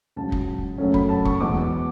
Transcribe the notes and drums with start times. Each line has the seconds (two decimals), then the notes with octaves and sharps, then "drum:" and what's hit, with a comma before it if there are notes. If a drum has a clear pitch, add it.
0.16 C#2 C#3 F#3 A5
0.32 drum: kick
0.78 F#2 C#3 F#3 A3 C#4
0.94 B5, drum: kick
1.09 A5
1.25 C#6, drum: kick
1.40 E2 B2 G#3 B3 D6